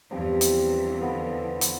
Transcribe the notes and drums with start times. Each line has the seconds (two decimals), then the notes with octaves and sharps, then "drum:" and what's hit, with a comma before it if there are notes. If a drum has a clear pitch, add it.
0.11 E2 G2 E3 F3 C4
0.41 drum: hi-hat
1.01 D3 F3 B3
1.61 drum: hi-hat